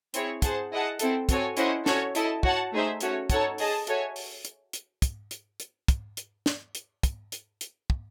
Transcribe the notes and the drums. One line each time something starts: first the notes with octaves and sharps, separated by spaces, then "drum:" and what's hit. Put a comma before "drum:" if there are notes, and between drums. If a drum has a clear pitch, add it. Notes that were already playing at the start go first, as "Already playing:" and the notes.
C4 E4 G#4 C#5, drum: hi-hat
G#4 C5 F#5 A5, drum: kick, hi-hat
E4 G#4 D#5 F#5 A5
C4 E4 A4, drum: hi-hat
C4 F#4 A4 C#5 G#5, drum: kick, hi-hat
C#4 E4 C5 D#5 F#5, drum: hi-hat
C#4 F#4 A4 C#5, drum: snare
E4 A4 D#5 A5, drum: hi-hat
F#4 C#5 F#5 A5, drum: kick
A3 D#4 G#4 C5 E5
A3 C#4 F#4 C#5, drum: hi-hat
D#4 A4 C#5 F#5 A5, drum: kick, hi-hat
G#4 D#5 A5, drum: open hi-hat
F#4 A4 C#5 E5 G#5, drum: hi-hat
drum: open hi-hat
drum: hi-hat
drum: hi-hat
drum: kick, hi-hat
drum: hi-hat
drum: hi-hat
drum: kick, hi-hat
drum: hi-hat
drum: snare
drum: hi-hat
drum: kick, hi-hat
drum: hi-hat
drum: hi-hat
drum: kick